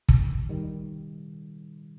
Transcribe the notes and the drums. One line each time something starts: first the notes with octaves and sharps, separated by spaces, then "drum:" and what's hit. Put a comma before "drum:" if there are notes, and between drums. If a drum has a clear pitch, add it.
D#3, drum: kick
D#3 G3